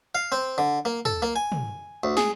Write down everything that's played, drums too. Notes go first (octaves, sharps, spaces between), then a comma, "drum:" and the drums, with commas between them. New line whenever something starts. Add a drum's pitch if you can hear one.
F5
C4
D3
A#3
A4, drum: tom
A#3
G#5
drum: tom
D2
G#4, drum: snare